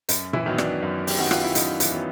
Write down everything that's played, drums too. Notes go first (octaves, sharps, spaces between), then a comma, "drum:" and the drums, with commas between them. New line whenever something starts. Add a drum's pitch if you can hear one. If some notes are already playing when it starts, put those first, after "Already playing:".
F#2, drum: hi-hat
E3 E4, drum: tom A#2
D#3 F#3 B3
D4, drum: rim click
F#2
G4, drum: open hi-hat
D#3 F#3 B3 F#4
F4, drum: rim click
E4
F#2 D#4, drum: hi-hat
E3 E4, drum: hi-hat
D#3 F#3 B3